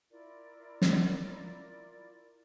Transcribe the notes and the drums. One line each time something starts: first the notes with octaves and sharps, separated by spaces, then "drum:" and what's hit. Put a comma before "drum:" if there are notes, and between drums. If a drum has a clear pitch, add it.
E4 F4 A#4 D5
drum: snare